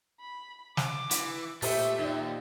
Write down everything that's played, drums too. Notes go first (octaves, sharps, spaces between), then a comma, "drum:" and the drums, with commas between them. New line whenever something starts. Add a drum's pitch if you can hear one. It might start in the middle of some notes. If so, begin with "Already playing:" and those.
B5
D6, drum: snare
E3, drum: hi-hat
A#2 A3 G4 C5 E5, drum: open hi-hat
D#2 D#4 D5